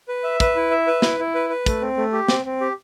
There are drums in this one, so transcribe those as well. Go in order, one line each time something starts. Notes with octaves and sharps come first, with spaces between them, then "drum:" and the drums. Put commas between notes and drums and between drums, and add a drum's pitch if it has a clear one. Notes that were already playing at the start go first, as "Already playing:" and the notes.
B4
E5
B4, drum: kick, hi-hat
E4
E5
B4
E4, drum: snare
E4
B4
B4
A3, drum: kick, hi-hat
C4
A3
G4
C4, drum: snare
C4
G4